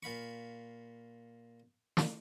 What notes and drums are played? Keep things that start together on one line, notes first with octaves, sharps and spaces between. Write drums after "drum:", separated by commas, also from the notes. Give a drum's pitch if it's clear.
A#2 F5 B5 C#6
drum: snare